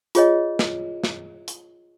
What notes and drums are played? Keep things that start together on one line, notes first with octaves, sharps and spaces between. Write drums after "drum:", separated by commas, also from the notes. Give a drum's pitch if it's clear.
F4 G#4 C#5 D#5, drum: hi-hat
drum: snare
drum: snare
drum: hi-hat